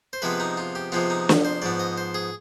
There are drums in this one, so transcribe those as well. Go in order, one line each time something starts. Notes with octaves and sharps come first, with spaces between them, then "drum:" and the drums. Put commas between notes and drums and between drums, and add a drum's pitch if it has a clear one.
C5
C3 F3 G#3 B3 B4
D#4
F4
G4
C3 F3 G#3 B3 F4
D#4
drum: snare
C5
G#2 F3 B3 D5
D#5
C5
G#4